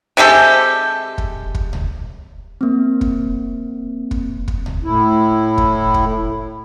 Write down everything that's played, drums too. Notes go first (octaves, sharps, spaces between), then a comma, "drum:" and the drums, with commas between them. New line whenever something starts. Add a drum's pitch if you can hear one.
C3 G#3 G4 A4
drum: kick
drum: kick
drum: tom C#2
A#3 C4
drum: kick
drum: kick
drum: kick
drum: tom C#2
A2 E4
drum: kick
drum: kick